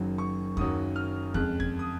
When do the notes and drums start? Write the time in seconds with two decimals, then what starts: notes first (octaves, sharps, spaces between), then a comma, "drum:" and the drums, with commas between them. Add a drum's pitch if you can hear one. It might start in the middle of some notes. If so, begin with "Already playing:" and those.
Already playing: F#1 F#2 D#3 F#3
0.18 C#6
0.57 F#1 F#2 D#3 F#3 D#6, drum: kick D#2
0.96 F6
1.34 F2 C#3 G#3 F#6, drum: kick D#2
1.60 G#6, drum: kick D#2
1.79 D#6